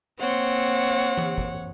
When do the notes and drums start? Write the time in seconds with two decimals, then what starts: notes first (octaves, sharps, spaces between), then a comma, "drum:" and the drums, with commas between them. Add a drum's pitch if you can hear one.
0.20 A#3 C4 C#5 F#5
1.18 drum: tom E3
1.38 drum: kick